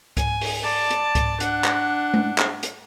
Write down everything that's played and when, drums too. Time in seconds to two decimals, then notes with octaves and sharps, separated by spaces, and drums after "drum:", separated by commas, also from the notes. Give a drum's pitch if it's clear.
0.17 G#5, drum: kick C#2, hi-hat
0.41 drum: open hi-hat
0.63 D5 A5
0.91 drum: hi-hat
1.15 drum: kick C#2, hi-hat
1.40 D4 F#5, drum: hi-hat
1.64 drum: clap
2.14 drum: tom G#3
2.38 drum: clap
2.63 drum: hi-hat